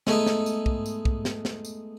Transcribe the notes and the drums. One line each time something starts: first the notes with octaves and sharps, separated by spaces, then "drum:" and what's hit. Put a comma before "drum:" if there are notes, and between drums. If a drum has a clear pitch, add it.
G#3 A3 B3 D#4, drum: snare
drum: snare
drum: tambourine
drum: kick B1
drum: tambourine
drum: kick B1
drum: snare
drum: snare
drum: tambourine